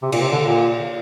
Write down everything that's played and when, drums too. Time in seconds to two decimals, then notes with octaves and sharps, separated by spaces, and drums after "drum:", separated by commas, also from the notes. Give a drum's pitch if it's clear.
0.02 C3
0.12 A#2, drum: cymbal
0.22 C3
0.32 D3
0.42 A#2